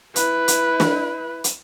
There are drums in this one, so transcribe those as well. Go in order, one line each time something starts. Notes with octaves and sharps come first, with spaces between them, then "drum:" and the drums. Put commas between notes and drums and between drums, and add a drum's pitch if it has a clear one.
E4 B4, drum: hi-hat
drum: hi-hat
drum: snare
drum: hi-hat